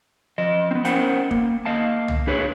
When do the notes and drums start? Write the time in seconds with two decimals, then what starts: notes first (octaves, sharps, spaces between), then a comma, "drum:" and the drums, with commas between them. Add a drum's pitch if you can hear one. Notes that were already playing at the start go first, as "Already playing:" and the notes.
0.38 F3 D#5
0.71 B3 C4
0.85 C#4 A#4 C5 F#5 G5, drum: hi-hat
1.31 A#3, drum: kick
1.65 A#3 D#5 F5 A5
2.08 drum: tom C2
2.27 D4 G#4 B4 C#5